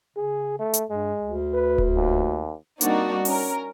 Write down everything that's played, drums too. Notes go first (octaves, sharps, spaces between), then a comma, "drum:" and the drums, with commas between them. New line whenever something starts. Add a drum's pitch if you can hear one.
C#3 G#4
A3
drum: hi-hat
G2 G#3
D2
B4
drum: kick D#1
D#2
G3 A#3 C4 D4 D#4 F#4, drum: hi-hat
C#4 A#4, drum: open hi-hat